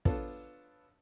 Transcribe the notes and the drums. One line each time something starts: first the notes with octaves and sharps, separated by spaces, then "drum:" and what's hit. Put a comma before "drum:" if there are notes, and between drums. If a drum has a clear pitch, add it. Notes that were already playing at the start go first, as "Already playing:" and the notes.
B3 D4 F4 A4 C#5, drum: kick